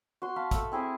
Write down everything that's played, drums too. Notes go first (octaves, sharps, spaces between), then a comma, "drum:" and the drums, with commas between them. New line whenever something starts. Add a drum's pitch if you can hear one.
F#4 C6
F5 A5 B5
A3 E6, drum: kick, hi-hat
C4 E4 G#4 E5